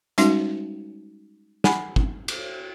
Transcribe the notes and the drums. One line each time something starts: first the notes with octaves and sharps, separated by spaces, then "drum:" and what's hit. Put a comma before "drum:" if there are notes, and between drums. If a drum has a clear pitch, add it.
G3 G#3 C#4 D#4 F#4 C6, drum: hi-hat
F#5 G#5 B5, drum: snare
drum: kick G1
drum: cymbal